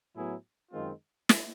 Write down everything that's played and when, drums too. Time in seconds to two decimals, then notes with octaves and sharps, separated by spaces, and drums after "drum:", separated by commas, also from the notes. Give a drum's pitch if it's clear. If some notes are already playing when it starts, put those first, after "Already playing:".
0.15 A2 F#3 B3 E4 G#4
0.72 F#2 D#3 G#3 C4 F4
1.29 drum: snare